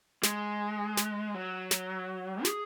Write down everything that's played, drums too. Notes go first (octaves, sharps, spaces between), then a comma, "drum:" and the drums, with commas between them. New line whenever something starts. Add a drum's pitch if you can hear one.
G#3, drum: snare
drum: snare
F#3
drum: snare
G#4, drum: snare